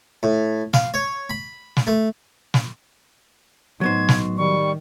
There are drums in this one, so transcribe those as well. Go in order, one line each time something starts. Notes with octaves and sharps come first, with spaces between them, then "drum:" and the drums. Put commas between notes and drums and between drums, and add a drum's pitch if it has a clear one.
A2
F5, drum: snare
C#5
B5
drum: snare
A3
drum: snare
A2 F#3 B3 D#4 C5 G#6
drum: snare
D#3 G3 C#6